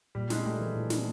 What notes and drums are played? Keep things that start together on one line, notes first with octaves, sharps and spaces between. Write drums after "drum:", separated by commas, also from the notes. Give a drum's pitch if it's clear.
A#2 G3
G#3 D4, drum: snare
G3 A3
E3 F3
A#2
D4, drum: snare